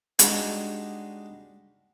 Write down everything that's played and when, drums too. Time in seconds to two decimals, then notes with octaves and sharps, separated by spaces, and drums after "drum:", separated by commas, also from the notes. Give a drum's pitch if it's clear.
0.19 G3 G#3 D4 D#4 F#4, drum: hi-hat